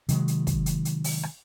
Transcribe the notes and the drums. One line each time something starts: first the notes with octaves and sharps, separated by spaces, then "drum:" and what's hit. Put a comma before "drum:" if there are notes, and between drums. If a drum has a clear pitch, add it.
C3 D#3 F#3 G#3, drum: hi-hat
drum: hi-hat
drum: kick, hi-hat
drum: hi-hat
drum: hi-hat
drum: open hi-hat
drum: rim click